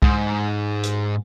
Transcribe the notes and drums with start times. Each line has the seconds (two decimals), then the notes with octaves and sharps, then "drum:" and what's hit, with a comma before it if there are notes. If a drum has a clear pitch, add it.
0.02 G#2, drum: kick C2
0.83 drum: hi-hat